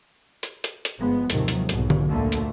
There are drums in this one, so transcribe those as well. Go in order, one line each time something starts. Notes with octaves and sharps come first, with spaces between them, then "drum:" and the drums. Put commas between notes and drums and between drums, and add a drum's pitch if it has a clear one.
drum: hi-hat
drum: hi-hat
drum: hi-hat
G1 F3 G#3 B3
D#2 G#2 C3 D#3 F3 F#3, drum: hi-hat
drum: hi-hat
B1 G#2 B2 F#3, drum: hi-hat
drum: tom D3
D2 G2 A#2 D3 A3 A#3
drum: hi-hat